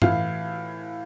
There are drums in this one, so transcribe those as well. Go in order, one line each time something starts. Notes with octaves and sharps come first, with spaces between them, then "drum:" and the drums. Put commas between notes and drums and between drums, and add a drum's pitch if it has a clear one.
A2 E3 F5, drum: tom